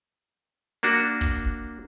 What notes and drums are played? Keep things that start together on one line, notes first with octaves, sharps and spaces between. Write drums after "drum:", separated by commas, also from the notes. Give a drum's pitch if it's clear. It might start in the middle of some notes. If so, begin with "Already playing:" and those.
A#3 D4 F#4
drum: kick